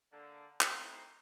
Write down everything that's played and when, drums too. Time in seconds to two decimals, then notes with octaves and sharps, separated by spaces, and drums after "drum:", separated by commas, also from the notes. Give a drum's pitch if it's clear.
0.12 D3 A#3
0.61 E3 A3 C4 D#4 C5, drum: clap